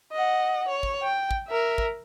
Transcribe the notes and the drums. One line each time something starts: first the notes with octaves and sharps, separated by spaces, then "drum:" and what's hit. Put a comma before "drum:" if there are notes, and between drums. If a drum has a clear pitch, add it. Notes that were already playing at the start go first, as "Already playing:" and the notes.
D#5 F#5
C#5
drum: kick
G5
drum: kick
A#4 E5
drum: kick